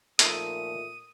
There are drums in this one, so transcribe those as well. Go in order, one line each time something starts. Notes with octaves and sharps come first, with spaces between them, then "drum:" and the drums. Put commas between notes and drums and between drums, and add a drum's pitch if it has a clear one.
A#2 F3 A3 D#4 A4 D#6, drum: hi-hat